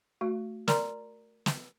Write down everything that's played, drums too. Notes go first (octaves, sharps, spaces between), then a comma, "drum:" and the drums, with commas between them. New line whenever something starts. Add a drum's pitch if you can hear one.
A3 F#4
A#4 D5 A#5 C6, drum: snare
drum: snare